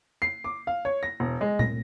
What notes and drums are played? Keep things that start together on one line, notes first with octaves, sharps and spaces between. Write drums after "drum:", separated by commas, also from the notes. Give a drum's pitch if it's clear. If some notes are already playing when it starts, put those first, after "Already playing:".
C7
D6
F5
C#5
A#6
E1
G#3
A#6, drum: tom A#2